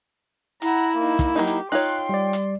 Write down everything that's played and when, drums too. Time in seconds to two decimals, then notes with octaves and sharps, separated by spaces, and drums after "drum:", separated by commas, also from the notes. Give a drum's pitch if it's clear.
0.62 E4 F#5 A#5, drum: hi-hat
0.96 A#3 D#4
1.19 drum: kick, hi-hat
1.36 F#3 A#3 D#4 G4
1.48 drum: hi-hat
1.72 D#4 F4 C#5 G5 C6 F#6
2.09 G3 D5
2.33 drum: hi-hat